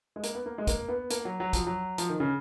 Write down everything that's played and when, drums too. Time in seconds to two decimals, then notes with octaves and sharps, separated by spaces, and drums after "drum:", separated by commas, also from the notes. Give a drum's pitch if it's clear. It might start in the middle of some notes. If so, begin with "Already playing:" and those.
0.16 G#3
0.23 A#3, drum: hi-hat
0.35 B3
0.46 A#3
0.58 G#3
0.67 A#3, drum: kick A1, hi-hat
0.88 B3
1.10 A#3, drum: hi-hat
1.25 F#3
1.40 F#3
1.53 F3, drum: kick A1, hi-hat
1.67 F#3
1.98 F3, drum: hi-hat
2.09 D#3
2.20 C#3